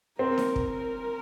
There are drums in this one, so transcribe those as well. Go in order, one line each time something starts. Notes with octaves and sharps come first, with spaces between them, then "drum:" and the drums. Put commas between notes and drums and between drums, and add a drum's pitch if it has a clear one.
C4 A#4
drum: snare D#4
drum: kick
A#4